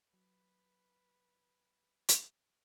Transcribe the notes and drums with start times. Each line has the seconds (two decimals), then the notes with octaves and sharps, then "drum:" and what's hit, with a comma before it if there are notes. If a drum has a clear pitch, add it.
0.14 F#3 B4
2.09 drum: hi-hat